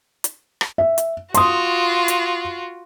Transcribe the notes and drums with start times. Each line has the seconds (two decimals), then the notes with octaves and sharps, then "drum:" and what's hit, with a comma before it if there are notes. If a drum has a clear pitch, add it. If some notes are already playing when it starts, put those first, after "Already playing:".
0.24 drum: hi-hat
0.61 drum: rim click
0.78 E5
0.98 drum: hi-hat
1.34 F4 F#4 C6 D#6, drum: hi-hat
2.08 drum: hi-hat